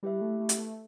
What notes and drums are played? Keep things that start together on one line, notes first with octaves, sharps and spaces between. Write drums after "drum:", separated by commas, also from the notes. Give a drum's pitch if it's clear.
G3 E4 G4 B4 E5
A3
A3
drum: hi-hat
A3